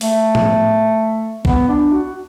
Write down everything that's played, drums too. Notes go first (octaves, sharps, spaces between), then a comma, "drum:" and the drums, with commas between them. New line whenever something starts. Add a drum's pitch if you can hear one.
A3, drum: open hi-hat
drum: tom A2
B3, drum: kick
D4
F#4